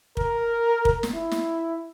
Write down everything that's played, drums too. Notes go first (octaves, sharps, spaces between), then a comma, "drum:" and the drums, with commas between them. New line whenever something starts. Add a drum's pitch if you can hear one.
A#4, drum: kick
drum: kick
drum: snare
E4
drum: snare